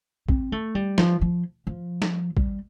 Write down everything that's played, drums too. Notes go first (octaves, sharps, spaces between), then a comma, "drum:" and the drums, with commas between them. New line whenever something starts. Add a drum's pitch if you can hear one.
C4, drum: kick
A3
G3
F3, drum: snare
F3
F3
drum: snare
G3, drum: kick